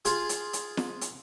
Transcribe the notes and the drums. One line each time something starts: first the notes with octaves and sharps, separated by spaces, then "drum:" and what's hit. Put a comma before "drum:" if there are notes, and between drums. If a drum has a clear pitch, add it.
F4 G#4, drum: hi-hat
drum: hi-hat
drum: hi-hat
drum: snare
drum: hi-hat